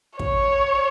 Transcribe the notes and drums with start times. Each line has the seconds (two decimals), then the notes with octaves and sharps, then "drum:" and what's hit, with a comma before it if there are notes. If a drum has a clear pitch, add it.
0.19 C#5, drum: kick